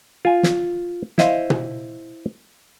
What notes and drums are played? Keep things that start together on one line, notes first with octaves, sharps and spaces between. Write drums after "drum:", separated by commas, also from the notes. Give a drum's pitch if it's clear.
F4 G#5
drum: snare
E4 C5 D#5 F5, drum: snare
drum: tom B2